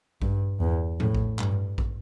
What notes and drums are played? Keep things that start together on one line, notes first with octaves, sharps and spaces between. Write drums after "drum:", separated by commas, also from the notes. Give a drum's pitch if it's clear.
G2, drum: kick A1
E2
A2, drum: tom F3
drum: kick A1
G2, drum: clap
drum: kick A1